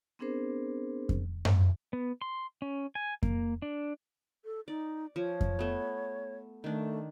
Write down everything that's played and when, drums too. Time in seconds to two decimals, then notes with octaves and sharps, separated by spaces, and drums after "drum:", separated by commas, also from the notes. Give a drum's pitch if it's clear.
0.19 B3 C4 D4 G#4 A#4 C5
1.09 drum: kick F2
1.45 drum: tom F#2
1.93 B3
2.21 C6
2.62 C#4
2.95 G#5
3.23 A#3, drum: kick F2
3.62 D4
4.45 A4
4.68 D#4 D5
5.16 F3 C#5
5.41 drum: kick F2
5.59 A3 B3
6.64 D#3 A3 D4